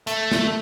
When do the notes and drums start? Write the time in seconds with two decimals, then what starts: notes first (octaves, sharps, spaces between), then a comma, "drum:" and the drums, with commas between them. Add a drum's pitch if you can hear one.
0.07 A3, drum: hi-hat
0.32 drum: snare